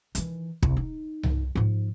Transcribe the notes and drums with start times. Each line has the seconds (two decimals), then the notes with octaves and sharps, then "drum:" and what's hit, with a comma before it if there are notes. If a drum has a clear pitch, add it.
0.15 D#3 E3, drum: hi-hat
0.63 C2, drum: kick
0.77 D#4
1.23 drum: tom C2
1.55 G#2 F3